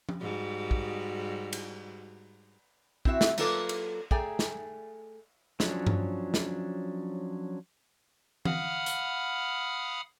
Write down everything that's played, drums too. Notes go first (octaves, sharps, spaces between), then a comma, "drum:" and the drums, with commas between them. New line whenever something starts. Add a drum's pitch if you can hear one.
drum: tom F3
G#2 G3 F#4
drum: kick
drum: cymbal
C4 E4 F#4 E5, drum: kick
drum: snare
F#3 A#3 F4 A4 B4 D5, drum: cymbal
drum: cymbal
A3 G#4 D5 G5 G#5 A#5, drum: kick
drum: snare
F3 F#3 C#4 D4, drum: snare
drum: tom G2
drum: snare
F5 F#5 B5 D#6 F6, drum: tom E3
drum: hi-hat